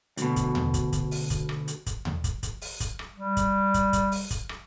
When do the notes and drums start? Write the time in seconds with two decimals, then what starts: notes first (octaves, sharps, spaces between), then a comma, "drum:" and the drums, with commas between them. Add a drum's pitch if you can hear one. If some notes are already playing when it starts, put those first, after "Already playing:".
0.17 D2 B2, drum: hi-hat
0.36 drum: kick, hi-hat
0.55 drum: tom D#2
0.74 drum: kick, hi-hat
0.93 drum: kick, hi-hat
1.11 drum: open hi-hat
1.30 drum: kick, hi-hat
1.49 drum: rim click
1.68 drum: hi-hat
1.86 drum: kick, hi-hat
2.05 drum: tom D#2
2.24 drum: kick, hi-hat
2.43 drum: kick, hi-hat
2.62 drum: open hi-hat
2.80 drum: kick, hi-hat
2.99 drum: rim click
3.14 G3
3.37 drum: kick, hi-hat
3.74 drum: kick, hi-hat
3.93 drum: kick, hi-hat
4.12 drum: open hi-hat
4.30 drum: kick, hi-hat
4.49 drum: rim click